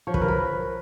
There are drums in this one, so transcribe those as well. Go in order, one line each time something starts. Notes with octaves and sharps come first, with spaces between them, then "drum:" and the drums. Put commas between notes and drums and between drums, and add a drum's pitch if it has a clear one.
F3 C#5
B4, drum: kick
A#4
B4